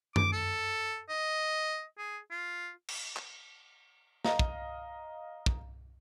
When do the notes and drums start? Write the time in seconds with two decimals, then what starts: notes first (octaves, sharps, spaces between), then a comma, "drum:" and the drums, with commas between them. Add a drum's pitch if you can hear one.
0.16 D6, drum: tom F#2
0.33 A4
1.09 D#5
1.98 G#4
2.31 F4
2.88 drum: cymbal
3.16 drum: clap
4.25 D#5 F5 A#5, drum: snare
4.39 drum: kick
5.46 drum: kick